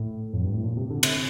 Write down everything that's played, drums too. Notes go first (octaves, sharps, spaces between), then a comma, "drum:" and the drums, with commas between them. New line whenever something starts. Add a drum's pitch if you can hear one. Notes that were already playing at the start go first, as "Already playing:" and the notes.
Already playing: A2
F2
G2
A2
A#2
C3
D3
C3, drum: cymbal